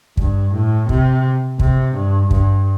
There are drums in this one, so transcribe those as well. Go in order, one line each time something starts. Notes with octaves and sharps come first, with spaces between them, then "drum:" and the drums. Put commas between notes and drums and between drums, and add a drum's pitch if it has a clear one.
G2, drum: kick
A2
C3, drum: kick
C3, drum: kick
G2
G2, drum: kick